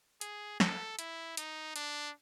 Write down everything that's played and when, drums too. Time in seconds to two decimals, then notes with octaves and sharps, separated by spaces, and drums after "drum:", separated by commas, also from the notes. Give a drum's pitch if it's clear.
0.21 G#4, drum: hi-hat
0.60 A4, drum: snare
0.99 E4, drum: hi-hat
1.37 D#4, drum: hi-hat
1.76 D4, drum: hi-hat